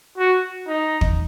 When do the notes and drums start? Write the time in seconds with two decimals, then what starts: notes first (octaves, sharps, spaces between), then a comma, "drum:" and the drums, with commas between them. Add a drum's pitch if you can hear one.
0.18 F#4
0.67 D#4
1.01 drum: kick